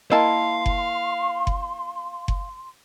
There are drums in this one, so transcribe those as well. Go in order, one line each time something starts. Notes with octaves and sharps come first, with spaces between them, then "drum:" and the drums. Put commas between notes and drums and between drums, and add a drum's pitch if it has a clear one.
A#3 E4 D#5 F5 A5 C6
drum: kick F#1
drum: kick F#1
drum: kick F#1